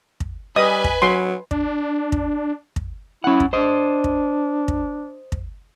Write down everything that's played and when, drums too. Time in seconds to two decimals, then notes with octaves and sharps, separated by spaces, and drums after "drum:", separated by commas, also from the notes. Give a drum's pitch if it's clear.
0.20 drum: kick
0.56 G3 B4 D#5 G#5 D#6
0.84 drum: kick
1.02 F#3 C6
1.51 D4, drum: kick
2.12 drum: kick
2.76 drum: kick
3.24 C#4 E4 F#5
3.40 drum: kick
3.53 D4 C5 D#5
4.04 drum: kick
4.68 drum: kick
5.32 drum: kick